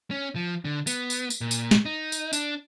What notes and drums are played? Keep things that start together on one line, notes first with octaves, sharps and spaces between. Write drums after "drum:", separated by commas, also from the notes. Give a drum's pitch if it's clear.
C#4
F3
D3
B3, drum: tambourine
drum: tambourine
drum: tambourine
A#2
drum: tambourine
drum: snare
D#4
drum: tambourine
D4, drum: tambourine